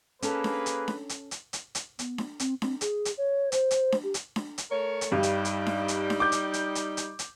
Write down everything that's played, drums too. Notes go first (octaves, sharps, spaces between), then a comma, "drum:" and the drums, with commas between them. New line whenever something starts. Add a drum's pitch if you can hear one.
A#3 C#4 G#4 A4 B4, drum: hi-hat
drum: snare D4
drum: hi-hat
drum: snare D4
drum: hi-hat
drum: hi-hat
drum: hi-hat
drum: hi-hat
B3, drum: hi-hat
drum: snare D4
C4, drum: hi-hat
C4, drum: snare D4
G#4, drum: hi-hat
drum: hi-hat
C#5
C5, drum: hi-hat
drum: hi-hat
drum: snare D4
G4
drum: hi-hat
drum: snare D4
drum: hi-hat
A3 A#4 C#5
drum: hi-hat
G2 G3 D#4
drum: hi-hat
drum: hi-hat
drum: snare D4
drum: hi-hat
drum: snare D4
D6 G6
drum: hi-hat
drum: hi-hat
drum: hi-hat
drum: hi-hat
drum: hi-hat